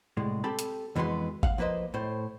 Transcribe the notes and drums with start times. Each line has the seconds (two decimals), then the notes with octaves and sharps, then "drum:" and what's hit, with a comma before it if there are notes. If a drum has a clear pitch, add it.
0.17 C2 A2 G#3
0.44 C4 G4 A4 A5 B5
0.59 drum: hi-hat
0.96 F2 E3 G#3 B3 F#4 C6
1.43 F5 F#5, drum: kick G#1
1.58 F3 A#3 B4 C5 D#5
1.94 A2 C5